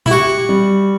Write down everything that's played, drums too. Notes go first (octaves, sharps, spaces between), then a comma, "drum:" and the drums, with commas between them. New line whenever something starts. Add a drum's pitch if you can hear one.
E4, drum: tom A#2
F#4 G4
G3